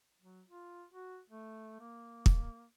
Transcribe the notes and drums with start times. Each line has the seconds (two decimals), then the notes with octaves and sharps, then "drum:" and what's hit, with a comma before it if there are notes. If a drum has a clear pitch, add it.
0.21 F#3
0.49 F4
0.90 F#4
1.30 A3
1.80 A#3
2.26 drum: kick